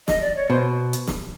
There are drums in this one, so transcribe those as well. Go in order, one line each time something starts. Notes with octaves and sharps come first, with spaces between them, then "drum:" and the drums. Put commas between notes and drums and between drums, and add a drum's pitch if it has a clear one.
D#5, drum: snare
D5
C#5
B2 C5
drum: hi-hat
drum: snare